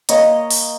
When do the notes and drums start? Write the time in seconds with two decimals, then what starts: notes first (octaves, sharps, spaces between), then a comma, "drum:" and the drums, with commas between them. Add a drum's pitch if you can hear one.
0.09 A#3 C#5 D#5, drum: hi-hat
0.51 drum: open hi-hat